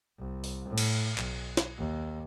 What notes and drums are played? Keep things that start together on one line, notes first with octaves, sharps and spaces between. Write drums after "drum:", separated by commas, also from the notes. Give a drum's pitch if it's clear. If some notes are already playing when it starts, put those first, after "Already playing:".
C2
drum: open hi-hat
A2
drum: cymbal
B1, drum: clap
drum: snare
D#2